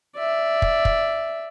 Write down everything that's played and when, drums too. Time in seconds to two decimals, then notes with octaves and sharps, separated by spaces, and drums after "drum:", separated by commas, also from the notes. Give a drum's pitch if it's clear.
0.16 D5 E5
0.62 drum: kick
0.85 drum: kick